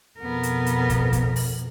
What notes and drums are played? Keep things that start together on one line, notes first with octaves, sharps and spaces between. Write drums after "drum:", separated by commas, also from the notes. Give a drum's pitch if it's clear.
F2 B2 B3 A#4
drum: hi-hat
drum: hi-hat
drum: kick, hi-hat
drum: kick, hi-hat
drum: open hi-hat